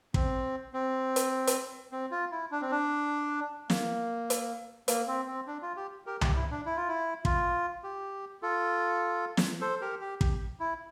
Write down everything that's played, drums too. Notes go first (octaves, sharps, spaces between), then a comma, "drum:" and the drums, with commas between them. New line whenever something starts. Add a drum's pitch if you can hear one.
C4, drum: kick
C4
drum: hi-hat
drum: hi-hat
C4
F4
E4
D4
C4
D4
A#3, drum: snare
drum: hi-hat
A#3, drum: hi-hat
C4
C4
D4
F4
G4
G4 A#4
G4, drum: tom C2
E4
D4
E4
F4
E4
F4, drum: kick
G4
F4 A4
drum: snare
A4 C5
G4 A#4
G4
G4, drum: kick
E4